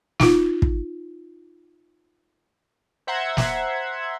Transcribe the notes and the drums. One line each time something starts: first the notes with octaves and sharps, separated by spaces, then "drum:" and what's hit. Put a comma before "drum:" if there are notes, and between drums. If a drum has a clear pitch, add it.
D#4 F4, drum: snare
drum: kick
C5 E5 F#5 A#5 C6 G#6
drum: snare